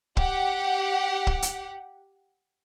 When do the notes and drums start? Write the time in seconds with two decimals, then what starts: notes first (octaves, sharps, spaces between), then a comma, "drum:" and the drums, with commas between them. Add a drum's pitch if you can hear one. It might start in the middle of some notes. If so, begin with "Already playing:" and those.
0.17 G4 F#5, drum: kick
1.27 drum: kick
1.42 drum: hi-hat